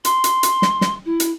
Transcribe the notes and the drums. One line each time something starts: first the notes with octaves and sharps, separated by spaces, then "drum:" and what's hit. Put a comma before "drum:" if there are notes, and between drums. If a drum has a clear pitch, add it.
C6, drum: hi-hat
drum: hi-hat
drum: hi-hat
drum: snare
drum: snare
E4
drum: hi-hat